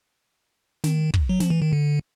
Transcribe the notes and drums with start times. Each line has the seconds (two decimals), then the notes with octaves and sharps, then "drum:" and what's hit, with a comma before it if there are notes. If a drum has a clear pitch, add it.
0.84 D#3, drum: snare
1.14 drum: kick
1.29 F#3
1.40 F3, drum: snare
1.50 E3
1.62 D#3
1.73 D3